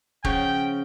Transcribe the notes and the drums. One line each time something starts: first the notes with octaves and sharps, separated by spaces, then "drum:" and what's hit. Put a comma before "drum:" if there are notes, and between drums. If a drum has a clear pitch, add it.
C#3 F3 F#4 G5, drum: kick F1